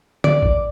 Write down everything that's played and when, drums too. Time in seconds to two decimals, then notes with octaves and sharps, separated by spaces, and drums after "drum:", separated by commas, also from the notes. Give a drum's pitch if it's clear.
0.24 D5, drum: tom D3
0.42 drum: kick G#1